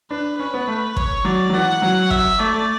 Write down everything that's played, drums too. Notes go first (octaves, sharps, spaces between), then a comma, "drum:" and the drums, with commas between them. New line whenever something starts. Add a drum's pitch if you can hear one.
D4 B4
C#4 B4
B3
A3
C#5, drum: kick
F#3 D5
F#3
E3 F#5
F#3
E5, drum: kick
A3 D5
A3